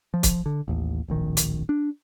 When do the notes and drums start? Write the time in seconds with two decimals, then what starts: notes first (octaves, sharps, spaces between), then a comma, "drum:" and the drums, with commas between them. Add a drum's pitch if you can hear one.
0.14 F3
0.23 drum: kick, hi-hat
0.46 D3
0.68 A1 D#2
1.08 D1 A#1 D#3
1.37 drum: hi-hat
1.69 D4